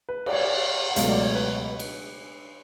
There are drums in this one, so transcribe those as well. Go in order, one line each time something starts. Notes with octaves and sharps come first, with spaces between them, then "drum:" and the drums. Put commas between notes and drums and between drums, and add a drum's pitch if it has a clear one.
B4
D5, drum: cymbal
C#5
D5
F#5
C#2 B2 F#3 A3 F5, drum: hi-hat
D5
C#5
B4
drum: cymbal